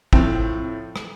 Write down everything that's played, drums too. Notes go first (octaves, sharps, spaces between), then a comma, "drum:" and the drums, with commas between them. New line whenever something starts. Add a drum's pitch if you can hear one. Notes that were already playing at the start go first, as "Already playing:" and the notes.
A2 F3 C4, drum: kick
drum: rim click